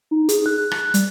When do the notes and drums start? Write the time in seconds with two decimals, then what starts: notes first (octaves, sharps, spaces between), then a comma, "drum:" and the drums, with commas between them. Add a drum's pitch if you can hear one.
0.11 D#4
0.29 G#4, drum: hi-hat
0.46 F#6
0.71 drum: rim click
0.94 G3, drum: hi-hat